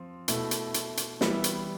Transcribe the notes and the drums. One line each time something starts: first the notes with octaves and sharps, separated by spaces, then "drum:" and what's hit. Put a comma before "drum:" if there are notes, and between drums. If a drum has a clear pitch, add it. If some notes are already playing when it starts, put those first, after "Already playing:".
Already playing: F3 C4
B2 A3 E4, drum: hi-hat
drum: hi-hat
drum: hi-hat
drum: hi-hat
E3 G3 B3 E4, drum: snare
drum: hi-hat